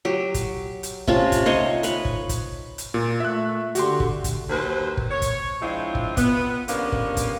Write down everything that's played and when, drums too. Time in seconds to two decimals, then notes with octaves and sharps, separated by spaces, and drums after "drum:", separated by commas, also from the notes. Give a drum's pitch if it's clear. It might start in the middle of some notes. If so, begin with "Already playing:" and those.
0.05 F#3 G4
0.34 drum: kick, hi-hat
0.83 drum: hi-hat
1.07 C3 C#4 F4 A5, drum: kick
1.32 drum: kick, hi-hat
1.46 D#4 C5 C#5 D#5
1.83 B4 C#5, drum: hi-hat
2.05 drum: kick
2.29 drum: kick, hi-hat
2.78 drum: hi-hat
2.94 A#2
3.20 A3 E5 F#6
3.75 D3 F#4 G4 C6, drum: hi-hat
4.00 drum: kick
4.24 drum: kick, hi-hat
4.50 D#2 F#3 B4 C5
4.97 drum: kick
5.11 C#5
5.22 drum: kick, hi-hat
5.62 F3 G#3 C4 D4 E4 F4
5.95 drum: kick
6.17 B3, drum: kick, hi-hat
6.68 D3 F3 G3 A#3 B3 C#4, drum: hi-hat
6.92 drum: kick
7.17 drum: kick, hi-hat